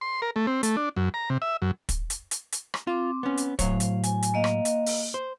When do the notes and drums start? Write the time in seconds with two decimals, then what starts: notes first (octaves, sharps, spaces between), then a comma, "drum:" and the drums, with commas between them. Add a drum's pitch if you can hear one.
0.01 C6
0.22 A#4
0.36 A3
0.47 C4
0.63 A3, drum: hi-hat
0.77 D4
0.96 F#2
1.14 A#5
1.30 C3
1.42 E5
1.62 F#2
1.89 drum: kick, hi-hat
2.10 drum: hi-hat
2.31 drum: hi-hat
2.52 drum: hi-hat
2.74 drum: rim click
2.87 C4 F4 D6
3.23 B3 C#4
3.37 drum: hi-hat
3.59 A2 F#3 C5 C#5 F5, drum: kick, hi-hat
3.80 drum: hi-hat
4.04 G#5, drum: hi-hat
4.23 drum: hi-hat
4.34 A#3 D#5 F5
4.44 drum: rim click
4.65 drum: hi-hat
4.86 drum: open hi-hat
5.14 C5